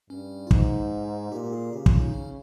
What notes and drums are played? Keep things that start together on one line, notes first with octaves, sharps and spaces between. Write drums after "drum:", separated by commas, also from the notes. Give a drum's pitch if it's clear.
G2 C#4
F4
G#2 D#4, drum: kick
A#2 G4
G#4
C#3 G4
F4, drum: kick
D#4
C#4